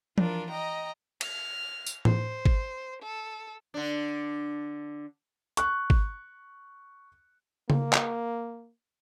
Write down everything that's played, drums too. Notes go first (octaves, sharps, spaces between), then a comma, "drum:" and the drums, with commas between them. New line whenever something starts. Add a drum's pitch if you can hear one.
E3 D4 F4 A#4, drum: tom F3
D#5 G5 A#5
F6, drum: cymbal
drum: tambourine
C5, drum: tom A2
drum: kick G#1
A4
D3 D4
C#6 F#6, drum: hi-hat
drum: kick G#1
A#3, drum: tom C#3
drum: clap